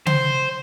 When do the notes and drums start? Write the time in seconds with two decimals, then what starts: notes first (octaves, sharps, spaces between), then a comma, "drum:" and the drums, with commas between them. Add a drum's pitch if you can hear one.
0.07 C5, drum: tom C#3